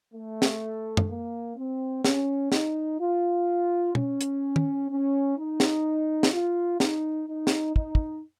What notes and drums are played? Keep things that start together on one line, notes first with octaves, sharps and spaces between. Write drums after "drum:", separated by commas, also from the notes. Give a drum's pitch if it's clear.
A3
drum: snare
drum: tom F#2
A#3
C4
C#4, drum: snare
D#4, drum: snare
F4
C#4, drum: tom
drum: hi-hat
drum: tom
C#4
D#4
drum: snare
drum: snare
F4
D#4, drum: snare
D#4
drum: snare
D#4, drum: kick
drum: kick